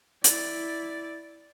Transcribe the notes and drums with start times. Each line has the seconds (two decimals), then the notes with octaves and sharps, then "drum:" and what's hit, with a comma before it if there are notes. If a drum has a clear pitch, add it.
0.24 E4 D5, drum: hi-hat